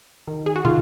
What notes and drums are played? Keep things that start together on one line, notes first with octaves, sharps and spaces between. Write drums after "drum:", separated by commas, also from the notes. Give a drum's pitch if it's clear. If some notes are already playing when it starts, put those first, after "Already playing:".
D#3
G#4
F#4
D#3 F4, drum: tom